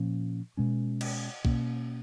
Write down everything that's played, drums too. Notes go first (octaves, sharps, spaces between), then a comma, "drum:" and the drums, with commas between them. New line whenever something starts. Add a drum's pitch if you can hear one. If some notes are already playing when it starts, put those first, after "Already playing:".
Already playing: A#2 F3 A#3 C#4
B2 G#3 C#4
drum: cymbal
B2 A#3 C#4, drum: kick B1